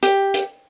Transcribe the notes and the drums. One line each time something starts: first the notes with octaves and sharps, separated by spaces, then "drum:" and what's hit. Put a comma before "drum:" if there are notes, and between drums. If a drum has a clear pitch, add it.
G4, drum: hi-hat
drum: hi-hat